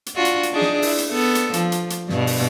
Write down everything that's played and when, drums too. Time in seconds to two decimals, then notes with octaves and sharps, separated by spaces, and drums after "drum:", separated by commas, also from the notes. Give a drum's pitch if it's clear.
0.06 drum: hi-hat
0.15 D4 F4 F#4
0.25 drum: hi-hat
0.43 drum: hi-hat
0.52 D4 D#4 G#4
0.62 drum: snare
0.82 E4, drum: open hi-hat
0.98 drum: hi-hat
1.11 B3 A4
1.35 drum: hi-hat
1.53 F3, drum: hi-hat
1.72 drum: hi-hat
1.90 drum: hi-hat
2.09 G2 B2, drum: snare
2.27 drum: open hi-hat